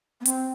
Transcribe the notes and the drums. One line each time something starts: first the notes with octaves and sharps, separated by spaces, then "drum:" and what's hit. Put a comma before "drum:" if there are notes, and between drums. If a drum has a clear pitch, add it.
B3
C4, drum: hi-hat